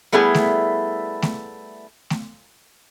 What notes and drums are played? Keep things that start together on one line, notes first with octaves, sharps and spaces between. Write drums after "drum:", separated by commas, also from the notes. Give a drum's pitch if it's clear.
G3 A3 B3 E4 G#4
drum: snare A3
drum: snare A3
drum: snare A3